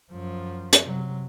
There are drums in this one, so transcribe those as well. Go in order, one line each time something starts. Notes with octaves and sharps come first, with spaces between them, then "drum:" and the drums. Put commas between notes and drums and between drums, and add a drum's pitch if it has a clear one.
F#2 F3
drum: hi-hat
C3 F#3